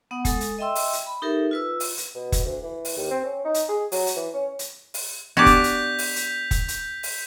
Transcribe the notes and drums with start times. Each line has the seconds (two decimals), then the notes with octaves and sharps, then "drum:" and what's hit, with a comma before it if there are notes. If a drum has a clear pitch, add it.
0.11 B3 F#5 D#6
0.25 G#3 A4 D#6, drum: kick F1, hi-hat
0.41 drum: hi-hat
0.59 D#5 E5 G5 C6 E6
0.75 drum: open hi-hat
0.93 drum: hi-hat
1.06 B5
1.22 D#4 G4 A4 A#4 E5
1.51 F4 B4 E6
1.80 drum: open hi-hat
1.97 drum: hi-hat
2.15 B2
2.32 drum: kick F1, hi-hat
2.45 D2
2.63 E3
2.85 drum: open hi-hat
2.97 D#2
3.10 C4
3.25 C#4
3.45 D#4
3.54 drum: hi-hat
3.69 G#4
3.92 F#3, drum: open hi-hat
4.07 drum: hi-hat
4.16 E3
4.34 C#4
4.59 drum: hi-hat
4.94 drum: open hi-hat
5.37 B3 D4 F#4 G4 D5 G6 B6 F7
5.46 drum: kick F1, hi-hat
5.64 drum: hi-hat
5.99 drum: open hi-hat
6.16 drum: hi-hat
6.51 drum: kick F1, hi-hat
6.68 drum: hi-hat
7.03 drum: open hi-hat